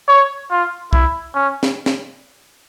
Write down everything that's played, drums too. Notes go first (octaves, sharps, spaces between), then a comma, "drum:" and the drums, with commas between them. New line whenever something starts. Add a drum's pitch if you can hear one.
C#5
F4
E4, drum: kick
C#4
drum: snare
drum: snare